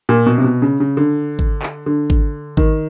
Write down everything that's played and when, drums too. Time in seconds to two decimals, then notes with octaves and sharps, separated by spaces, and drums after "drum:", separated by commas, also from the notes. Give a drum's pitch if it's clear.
0.09 A#2
0.26 B2
0.38 C3
0.44 B2
0.62 C#3
0.80 C#3
0.97 D3
1.39 drum: kick G#1
1.63 drum: clap
1.86 D3
2.10 drum: kick G#1
2.57 D#3, drum: kick G#1